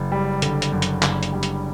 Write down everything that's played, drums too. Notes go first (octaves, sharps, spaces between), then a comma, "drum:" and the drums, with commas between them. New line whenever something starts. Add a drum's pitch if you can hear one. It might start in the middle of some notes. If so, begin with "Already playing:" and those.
Already playing: F#1
G3
D3, drum: hi-hat
drum: hi-hat
F#2
drum: hi-hat
F#1, drum: clap
drum: hi-hat
G3
drum: hi-hat